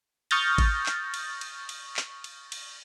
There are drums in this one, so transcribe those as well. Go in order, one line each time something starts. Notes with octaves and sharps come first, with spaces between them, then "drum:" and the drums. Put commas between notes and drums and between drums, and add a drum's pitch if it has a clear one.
C#6 D#6 F6 G6 A6 A#6, drum: cymbal
drum: kick G#1, cymbal
drum: clap
drum: cymbal
drum: cymbal
drum: cymbal
drum: clap
drum: cymbal
drum: cymbal